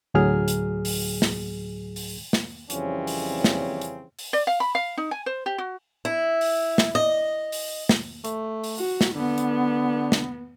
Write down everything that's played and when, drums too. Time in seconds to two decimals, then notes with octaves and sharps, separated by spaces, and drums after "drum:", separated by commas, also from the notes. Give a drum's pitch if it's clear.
0.14 D2 A2 F#3 G#4 F6
0.48 drum: hi-hat
0.85 drum: open hi-hat
1.22 drum: snare
1.96 drum: open hi-hat
2.33 drum: snare
2.70 F2 C#3 E3 G3 C4 C#4, drum: hi-hat
3.07 drum: open hi-hat
3.44 drum: snare
3.81 drum: hi-hat
4.19 drum: open hi-hat
4.33 D5
4.47 F5
4.60 B5
4.75 F5
4.97 D#4
5.11 G#5
5.26 C5
5.46 G4
5.58 F#4
6.05 E4
6.41 drum: open hi-hat
6.78 drum: snare
6.95 D#5
7.52 drum: open hi-hat
7.89 drum: snare
8.24 A3, drum: hi-hat
8.64 drum: open hi-hat
8.79 F#4
9.01 drum: snare
9.15 D3 B3
9.38 drum: hi-hat
10.12 drum: snare